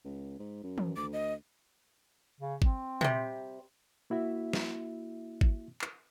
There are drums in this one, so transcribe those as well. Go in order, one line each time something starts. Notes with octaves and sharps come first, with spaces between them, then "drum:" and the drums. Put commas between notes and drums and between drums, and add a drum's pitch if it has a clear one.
C#2
G#2
F#2
drum: tom
D2 D6
D#5
C#3
C4, drum: kick G#1
C3 G3, drum: tom
A#3 E4 F#4 E5
drum: snare
drum: kick G#1
drum: clap